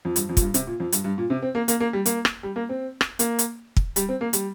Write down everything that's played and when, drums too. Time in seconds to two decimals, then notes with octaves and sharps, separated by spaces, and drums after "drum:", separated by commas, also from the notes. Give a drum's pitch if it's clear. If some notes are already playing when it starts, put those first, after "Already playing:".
0.05 F2
0.16 G2, drum: hi-hat
0.29 F2
0.37 A#2, drum: kick, hi-hat
0.41 G2
0.54 C3, drum: hi-hat
0.67 A#2
0.80 F2
0.92 G2, drum: hi-hat
1.04 G2
1.18 A#2
1.30 C3
1.42 C4
1.55 A#3
1.68 A#3, drum: hi-hat
1.80 A#3
1.93 G3
2.06 A#3, drum: hi-hat
2.25 drum: rim click
2.43 G3
2.56 A#3
2.69 C4
3.01 drum: rim click
3.19 A#3, drum: hi-hat
3.39 drum: hi-hat
3.77 drum: kick
3.96 G3, drum: hi-hat
4.09 C4
4.21 A#3
4.33 G3, drum: hi-hat